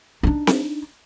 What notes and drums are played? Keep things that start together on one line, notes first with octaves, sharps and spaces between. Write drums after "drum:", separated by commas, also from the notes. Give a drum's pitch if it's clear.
D4 D#4
drum: snare C4